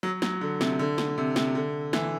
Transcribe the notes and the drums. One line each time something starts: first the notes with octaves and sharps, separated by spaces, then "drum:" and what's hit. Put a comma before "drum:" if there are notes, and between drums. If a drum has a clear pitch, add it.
F#3
F#3, drum: snare
D3
C3, drum: snare
D3
drum: snare
C3
C3, drum: snare
D3
E3, drum: snare